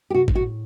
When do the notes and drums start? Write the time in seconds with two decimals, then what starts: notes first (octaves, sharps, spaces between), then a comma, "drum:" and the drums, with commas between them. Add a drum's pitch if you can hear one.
0.10 G4
0.14 C3 F#4
0.28 G#2, drum: kick G#1
0.35 A2 F#4